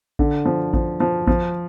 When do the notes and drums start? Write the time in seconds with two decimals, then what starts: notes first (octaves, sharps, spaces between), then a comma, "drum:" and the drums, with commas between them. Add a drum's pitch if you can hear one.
0.19 D3, drum: kick A1
0.45 F3
0.73 F3, drum: kick A1
1.00 F3
1.27 F3, drum: kick A1